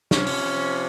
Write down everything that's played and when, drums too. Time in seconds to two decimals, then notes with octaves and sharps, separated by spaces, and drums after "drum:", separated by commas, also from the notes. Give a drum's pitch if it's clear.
0.11 C3 F3 C#4, drum: snare
0.27 drum: open hi-hat